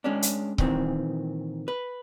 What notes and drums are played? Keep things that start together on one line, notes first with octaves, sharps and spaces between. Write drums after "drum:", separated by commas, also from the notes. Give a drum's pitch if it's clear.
G#3 C#4 D4
drum: hi-hat
A#2 D#3 E3 C4, drum: kick C#1
B4